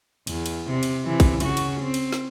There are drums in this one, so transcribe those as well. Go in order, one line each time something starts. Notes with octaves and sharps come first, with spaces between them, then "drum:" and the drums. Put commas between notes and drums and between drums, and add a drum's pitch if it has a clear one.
E2, drum: cymbal
drum: cymbal
C3
drum: cymbal
C3 E3
drum: kick, cymbal
C#3 F#4, drum: cymbal
drum: cymbal
C4
drum: cymbal
drum: snare